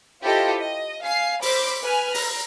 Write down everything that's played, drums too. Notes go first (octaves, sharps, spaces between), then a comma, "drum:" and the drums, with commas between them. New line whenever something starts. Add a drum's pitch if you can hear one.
E4 F4 G4 A4 C5 D#5
D#5
F5 G#5 C7
C5 B5 D6, drum: open hi-hat
B4 G#5 F6
A#5, drum: open hi-hat